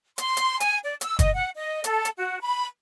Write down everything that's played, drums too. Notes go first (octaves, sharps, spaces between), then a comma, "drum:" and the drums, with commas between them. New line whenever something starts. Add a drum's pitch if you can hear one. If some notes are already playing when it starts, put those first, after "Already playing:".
C6, drum: hi-hat
drum: hi-hat
G#5, drum: hi-hat
D5
E6, drum: hi-hat
D#5, drum: kick, hi-hat
F#5
D#5
A4, drum: hi-hat
drum: hi-hat
F#4
B5